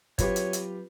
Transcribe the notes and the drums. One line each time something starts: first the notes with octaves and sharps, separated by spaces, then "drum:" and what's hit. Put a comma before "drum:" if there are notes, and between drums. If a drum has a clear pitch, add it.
F#3 C4 F4 G4 B4 C#5, drum: kick, hi-hat
drum: hi-hat
drum: hi-hat